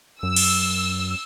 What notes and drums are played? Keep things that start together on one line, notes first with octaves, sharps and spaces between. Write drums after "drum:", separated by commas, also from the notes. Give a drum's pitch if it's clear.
F#2 E6
drum: cymbal